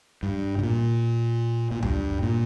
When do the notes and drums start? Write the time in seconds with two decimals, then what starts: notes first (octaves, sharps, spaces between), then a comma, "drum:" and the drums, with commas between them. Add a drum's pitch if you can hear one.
0.23 G2
0.58 C3
0.63 A#2
1.71 A#2
1.82 G2, drum: tom D2
2.11 drum: kick
2.22 A#2